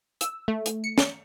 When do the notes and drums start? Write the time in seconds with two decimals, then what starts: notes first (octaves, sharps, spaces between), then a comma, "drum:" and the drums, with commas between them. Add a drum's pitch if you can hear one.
0.21 E6, drum: hi-hat
0.48 A3
0.66 drum: hi-hat
0.84 C#7
0.98 drum: snare